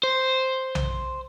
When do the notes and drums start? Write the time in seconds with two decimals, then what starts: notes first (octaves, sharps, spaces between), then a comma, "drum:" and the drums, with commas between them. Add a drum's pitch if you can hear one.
0.03 C5
0.75 drum: tom B1